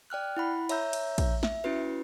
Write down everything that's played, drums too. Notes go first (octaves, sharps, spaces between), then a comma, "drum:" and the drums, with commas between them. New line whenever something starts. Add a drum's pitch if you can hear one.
D5 G5 F6 F#6
E4 F#5 B5
C#5 E5 A#5 E6 G6, drum: cymbal
drum: cymbal
drum: kick A#1, cymbal
E5, drum: snare
C#4 E4 F#4 B4